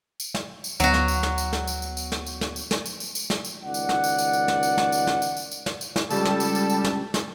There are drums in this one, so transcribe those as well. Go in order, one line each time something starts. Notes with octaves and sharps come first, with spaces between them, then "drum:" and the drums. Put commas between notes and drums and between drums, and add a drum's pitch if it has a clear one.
drum: tambourine
drum: snare
drum: tambourine
D2 F#3 B3 F#4, drum: tambourine
drum: snare
drum: tambourine
drum: snare
drum: tambourine
drum: snare
drum: tambourine
drum: tambourine
drum: tambourine
drum: snare
drum: tambourine
drum: snare
drum: tambourine
drum: snare
drum: tambourine
drum: tambourine
drum: tambourine
drum: snare
drum: tambourine
C#2 D#3 D5 F#5
drum: tambourine
drum: snare
drum: tambourine
drum: tambourine
drum: tambourine
drum: snare
drum: tambourine
drum: snare
drum: tambourine
drum: snare
drum: tambourine
drum: tambourine
drum: tambourine
drum: snare
drum: tambourine
drum: snare
C#2 G3 A4 A5, drum: tambourine
drum: snare
drum: tambourine
drum: tambourine
drum: tambourine
drum: snare
drum: snare